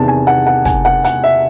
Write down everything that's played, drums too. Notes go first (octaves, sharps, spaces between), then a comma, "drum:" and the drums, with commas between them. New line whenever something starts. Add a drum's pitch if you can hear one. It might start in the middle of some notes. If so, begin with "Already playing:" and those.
Already playing: E2 C3 D#3 A5
G#5
F#5
F#5
G#5, drum: kick, hi-hat
F#5
F#5, drum: hi-hat
E5